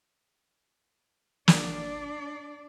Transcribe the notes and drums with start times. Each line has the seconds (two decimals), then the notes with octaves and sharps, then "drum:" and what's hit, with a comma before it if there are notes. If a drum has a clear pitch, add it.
1.48 D4 D5, drum: snare